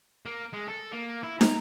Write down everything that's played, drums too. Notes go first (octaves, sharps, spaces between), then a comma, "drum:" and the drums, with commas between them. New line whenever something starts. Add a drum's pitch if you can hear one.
A#3
G#3
A4
A#3
E4
A#5, drum: snare